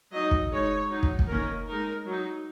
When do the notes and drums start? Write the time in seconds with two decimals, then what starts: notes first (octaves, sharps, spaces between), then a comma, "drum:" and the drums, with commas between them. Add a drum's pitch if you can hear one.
0.12 F#3 D#4 D#5
0.31 drum: kick
0.50 G#3 D#4 C#5
0.89 F#3 D#4
1.03 drum: kick
1.19 drum: kick
1.28 D#3 A#3 C#4 A#4
1.67 G#3 D#4 A#4
2.05 F#3 D#4